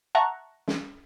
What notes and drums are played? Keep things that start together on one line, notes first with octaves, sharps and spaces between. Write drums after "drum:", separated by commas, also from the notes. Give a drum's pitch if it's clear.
E5 F#5 A5 A#5 C#6 F#6
drum: snare